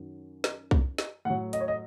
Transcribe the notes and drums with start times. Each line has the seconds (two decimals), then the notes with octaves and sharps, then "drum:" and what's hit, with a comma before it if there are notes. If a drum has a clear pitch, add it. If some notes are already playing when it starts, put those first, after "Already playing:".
Already playing: F#2 D#3 F#3
0.44 drum: snare
0.71 drum: kick B1
0.98 drum: snare
1.25 A2 F#3 F#5
1.53 D#5, drum: hi-hat
1.60 C#5
1.68 D#5